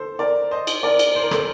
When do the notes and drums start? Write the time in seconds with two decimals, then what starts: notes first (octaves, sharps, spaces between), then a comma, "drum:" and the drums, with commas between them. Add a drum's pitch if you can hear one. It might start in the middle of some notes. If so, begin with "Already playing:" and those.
Already playing: A4 C5
0.19 A#4 D5
0.51 C5 D#5
0.67 drum: cymbal
0.83 A#4 D5
0.99 drum: cymbal
1.15 C5
1.23 A#4
1.31 A4 C5, drum: rim click